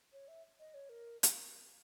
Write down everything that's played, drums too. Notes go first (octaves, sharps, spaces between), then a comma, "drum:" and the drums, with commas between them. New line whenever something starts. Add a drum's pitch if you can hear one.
C#5
E5
D#5
C#5
A#4
drum: hi-hat